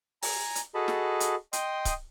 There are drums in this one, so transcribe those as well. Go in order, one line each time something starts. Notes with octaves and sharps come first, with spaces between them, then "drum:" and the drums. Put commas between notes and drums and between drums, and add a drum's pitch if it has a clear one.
G#5 A#5, drum: open hi-hat
drum: hi-hat
F#4 G#4 A4 D#5 A5 B5
drum: snare
drum: hi-hat
D#5 G5 C6 D#6, drum: hi-hat
drum: kick C#1, hi-hat